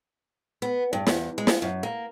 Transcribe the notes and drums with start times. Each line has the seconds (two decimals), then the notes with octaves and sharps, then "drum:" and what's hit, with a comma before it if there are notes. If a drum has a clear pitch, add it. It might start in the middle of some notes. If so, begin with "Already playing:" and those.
0.62 B3
0.93 G2
1.07 E2, drum: snare
1.38 G#3
1.47 drum: snare
1.62 F#2
1.83 A#3